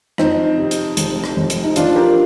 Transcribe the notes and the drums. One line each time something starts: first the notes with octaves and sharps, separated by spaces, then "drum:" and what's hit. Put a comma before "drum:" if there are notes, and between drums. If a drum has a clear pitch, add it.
F2 C4 D#4, drum: rim click
C3
drum: hi-hat
F1, drum: hi-hat
drum: rim click
F1
drum: hi-hat
D#4
F3 D4 F4, drum: hi-hat
G4 A#4